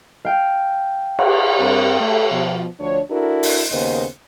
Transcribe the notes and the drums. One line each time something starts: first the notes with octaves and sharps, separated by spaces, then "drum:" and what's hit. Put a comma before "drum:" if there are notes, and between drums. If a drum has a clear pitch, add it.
F5 G5
drum: cymbal
G2 C4 A#4
A3
B2 F3
D2 F3 D4 C#5
D4 E4 F#4 A4 A#4
drum: open hi-hat
D#2 C#3 A#3 B3 C5 D#5